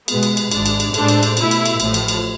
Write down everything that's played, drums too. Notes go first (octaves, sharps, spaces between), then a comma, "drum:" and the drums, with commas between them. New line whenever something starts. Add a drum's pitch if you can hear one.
B2 G#3 B3, drum: cymbal
drum: cymbal
drum: cymbal
G#1 G#2 G#3 D4, drum: cymbal
drum: cymbal
drum: cymbal
A2 G#3 D4 A4 C5, drum: cymbal
drum: cymbal
drum: cymbal
B2 A3 E4, drum: cymbal
drum: cymbal
drum: cymbal
A1 A2 F3, drum: cymbal
drum: cymbal
drum: cymbal